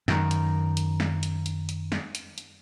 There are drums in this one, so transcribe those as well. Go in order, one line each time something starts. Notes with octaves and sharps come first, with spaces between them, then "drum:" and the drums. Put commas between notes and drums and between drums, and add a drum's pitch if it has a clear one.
F#2 D#3, drum: snare
drum: hi-hat
drum: hi-hat
drum: snare
drum: hi-hat
drum: hi-hat
drum: hi-hat
drum: snare
drum: hi-hat
drum: hi-hat